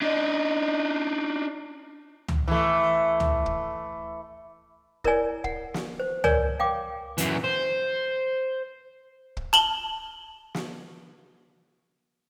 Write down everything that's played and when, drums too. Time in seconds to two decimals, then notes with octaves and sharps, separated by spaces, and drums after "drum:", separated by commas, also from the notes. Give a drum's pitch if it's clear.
0.02 D4 D#4
2.28 drum: tom C#2
2.48 E3 A3
3.20 drum: tom C#2
3.46 drum: kick
5.04 E4 A#4 C#5 D5 G#5, drum: kick
5.44 F#5, drum: kick
5.74 drum: snare
6.00 C5
6.24 A#4 C#5 D5 G#5, drum: tom C#2
6.60 F5 G5 D6
7.18 F#2 E3, drum: hi-hat
7.44 C5
9.37 drum: kick
9.53 A5 F#7 G7
10.55 drum: snare